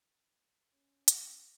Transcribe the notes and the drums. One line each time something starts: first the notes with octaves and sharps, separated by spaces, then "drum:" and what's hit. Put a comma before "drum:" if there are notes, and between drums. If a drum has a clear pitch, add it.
C#4
drum: hi-hat